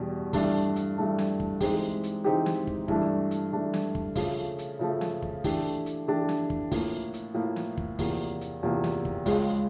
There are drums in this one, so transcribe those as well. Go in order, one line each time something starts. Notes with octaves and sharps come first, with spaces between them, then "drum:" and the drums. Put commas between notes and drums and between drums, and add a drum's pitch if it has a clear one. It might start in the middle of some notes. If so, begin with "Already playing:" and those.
Already playing: E2 B2 G3
G2 E3 A3 D4, drum: kick, open hi-hat
drum: hi-hat
G2 E3 A3 D4
drum: snare
drum: kick
E3 G#3 C4 D#4 G4, drum: kick, open hi-hat
drum: hi-hat
E3 G#3 C4 D#4 G4
drum: snare
drum: kick
G2 E3 A3 D4, drum: kick
drum: hi-hat
G2 E3 A3 D4
drum: snare
drum: kick
C#3 F3 A3, drum: kick, open hi-hat
drum: hi-hat
C#3 F3 A3
drum: snare
drum: kick
E3 A3 D4 G4, drum: kick, open hi-hat
drum: hi-hat
E3 A3 D4 G4
drum: snare
drum: kick
A2 F3 A#3, drum: kick, open hi-hat
drum: hi-hat
A2 F3 A#3
drum: snare
drum: kick
E2 C3 F3 A#3, drum: kick, open hi-hat
drum: hi-hat
E2 C3 F3 A#3
drum: snare
drum: kick
C#2 C#3 F3 G#3, drum: kick, open hi-hat